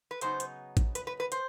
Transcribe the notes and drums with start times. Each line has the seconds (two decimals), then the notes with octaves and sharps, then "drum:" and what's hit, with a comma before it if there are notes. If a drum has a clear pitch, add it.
0.11 B4
0.21 C#3 F#3 B3 D#4 C5, drum: hi-hat
0.40 drum: hi-hat
0.77 drum: kick A1, hi-hat
0.95 B4, drum: hi-hat
1.07 B4
1.20 B4
1.32 C5, drum: hi-hat